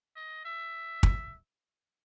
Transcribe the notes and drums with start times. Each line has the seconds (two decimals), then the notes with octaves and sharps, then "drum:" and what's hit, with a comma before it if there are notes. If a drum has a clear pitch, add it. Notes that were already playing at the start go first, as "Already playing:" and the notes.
0.16 D#5
0.45 E5
1.03 drum: kick